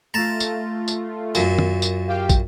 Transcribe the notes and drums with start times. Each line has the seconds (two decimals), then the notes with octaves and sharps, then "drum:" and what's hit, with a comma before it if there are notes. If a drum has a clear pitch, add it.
0.14 A3 F4 A5 A#5
0.40 drum: tambourine
0.88 drum: tambourine
1.35 F#2 A#2, drum: tambourine
1.59 drum: tom
1.82 drum: tambourine
2.08 G4 F5 G5
2.29 drum: kick, tambourine